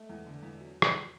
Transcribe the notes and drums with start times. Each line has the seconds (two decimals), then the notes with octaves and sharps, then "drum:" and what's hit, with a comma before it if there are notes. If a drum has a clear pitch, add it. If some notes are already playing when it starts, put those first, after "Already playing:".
Already playing: A3
0.09 E2
0.26 D3
0.43 E2
0.60 F#3
0.82 drum: rim click